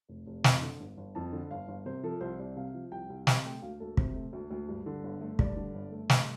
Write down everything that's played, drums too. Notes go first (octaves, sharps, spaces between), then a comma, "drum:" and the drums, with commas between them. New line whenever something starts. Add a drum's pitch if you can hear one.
F1
F1
F2, drum: snare
D3
G1
G1
F2 A5
D3
G1 F5
G1
C3 C5
F3 A4
C2 C5
C2 D5
C3 F5
F3
C2 G5
C2
C3 G5, drum: snare
A3 G5
D2 F5
D2 A4
C3 C5, drum: kick
A3
D2
D2
G2
D3
G1
A3
G2 D5, drum: kick
D3
G1
A3
G2 A5, drum: snare